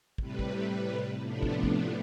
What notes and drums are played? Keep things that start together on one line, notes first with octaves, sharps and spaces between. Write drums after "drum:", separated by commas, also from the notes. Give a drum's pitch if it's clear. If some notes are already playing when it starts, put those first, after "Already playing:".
A2 C3 G3 B4, drum: kick
drum: kick
A2 C3 F3 A3 B3 D4
drum: kick
drum: kick